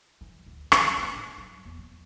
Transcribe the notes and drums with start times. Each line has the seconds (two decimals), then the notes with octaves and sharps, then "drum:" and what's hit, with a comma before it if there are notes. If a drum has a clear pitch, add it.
0.21 E3
0.47 D2
0.72 D3, drum: rim click
0.97 A#3
1.15 G#2
1.38 F#3
1.65 E2
1.79 F3